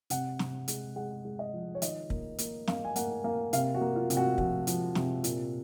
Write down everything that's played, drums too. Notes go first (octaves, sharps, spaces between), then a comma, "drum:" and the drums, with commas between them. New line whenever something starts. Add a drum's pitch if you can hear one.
C3 F#5, drum: hi-hat
C3, drum: snare
G#3, drum: hi-hat
G#3 F#5
G#3
D#5
F3
C#5
D#3 D#5, drum: hi-hat
A#3, drum: kick
A#3, drum: hi-hat
A#3 F5, drum: snare
G#5
A#3 F#5, drum: hi-hat
A#3 F5
C3 F5, drum: hi-hat
F#4
A#3
F4
C3, drum: hi-hat
F#4
F3 F#4, drum: kick
F3, drum: hi-hat
C3, drum: snare
A#2, drum: hi-hat